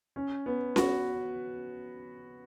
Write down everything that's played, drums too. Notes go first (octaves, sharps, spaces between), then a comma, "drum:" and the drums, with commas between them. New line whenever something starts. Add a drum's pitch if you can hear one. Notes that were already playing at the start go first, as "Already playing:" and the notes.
C#4
B3
F#4 B4, drum: snare C#4